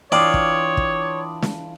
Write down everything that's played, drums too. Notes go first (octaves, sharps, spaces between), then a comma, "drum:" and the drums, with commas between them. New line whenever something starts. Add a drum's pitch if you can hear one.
E3 D4 F4 C#5 D5 G5 D6 D#6
drum: kick
drum: kick
drum: snare